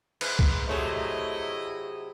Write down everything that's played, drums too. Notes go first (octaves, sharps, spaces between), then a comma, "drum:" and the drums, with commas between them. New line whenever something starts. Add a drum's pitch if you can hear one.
G#2 B4, drum: cymbal
drum: kick
C3 F#3 A3 E4 G#4 D#5